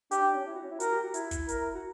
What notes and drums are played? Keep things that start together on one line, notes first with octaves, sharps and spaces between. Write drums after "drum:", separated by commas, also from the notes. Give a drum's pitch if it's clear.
D4 G4, drum: hi-hat
D4
C#4
E4
F#4
C#4
E4
F#4 A#4, drum: hi-hat
G4
F#4
E4, drum: hi-hat
drum: kick, hi-hat
A#4, drum: hi-hat
F#4